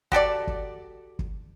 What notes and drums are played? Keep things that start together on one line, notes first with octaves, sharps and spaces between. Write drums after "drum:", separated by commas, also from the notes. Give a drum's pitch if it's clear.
F#4 G4 A4 D5, drum: kick
drum: kick
drum: kick